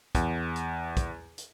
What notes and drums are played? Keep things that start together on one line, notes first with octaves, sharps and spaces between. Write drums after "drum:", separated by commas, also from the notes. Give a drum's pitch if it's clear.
E2, drum: kick, hi-hat
drum: hi-hat
drum: kick, hi-hat
drum: hi-hat